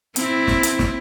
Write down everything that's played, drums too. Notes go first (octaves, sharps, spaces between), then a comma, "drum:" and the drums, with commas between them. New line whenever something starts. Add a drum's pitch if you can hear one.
C4 E4, drum: hi-hat
drum: snare
drum: hi-hat
drum: snare